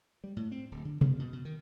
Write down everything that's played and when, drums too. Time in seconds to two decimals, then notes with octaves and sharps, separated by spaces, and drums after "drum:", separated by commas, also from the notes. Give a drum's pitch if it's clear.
0.24 G3
0.37 A2
0.52 C4
0.71 D1
0.85 D3
1.01 B2, drum: tom C3
1.19 B2
1.33 B2
1.45 D#3